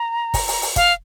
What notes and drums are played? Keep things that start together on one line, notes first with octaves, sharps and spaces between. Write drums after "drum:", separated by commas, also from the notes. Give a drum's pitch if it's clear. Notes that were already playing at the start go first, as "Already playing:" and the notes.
Already playing: A#5
drum: kick, open hi-hat
drum: open hi-hat
drum: open hi-hat
F5, drum: kick, hi-hat